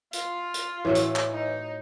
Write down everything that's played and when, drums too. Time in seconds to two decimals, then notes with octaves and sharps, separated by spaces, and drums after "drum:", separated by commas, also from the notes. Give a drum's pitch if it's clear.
0.13 F4, drum: hi-hat
0.54 drum: hi-hat
0.85 A2 E3 F#3 A3
0.95 drum: hi-hat
1.16 drum: clap
1.31 D#4